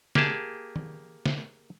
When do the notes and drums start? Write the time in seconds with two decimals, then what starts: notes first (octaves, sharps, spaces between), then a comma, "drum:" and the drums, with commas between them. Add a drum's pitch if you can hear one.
0.15 A#3 G4 G#4 A5, drum: snare
0.76 drum: tom D#3
1.26 drum: snare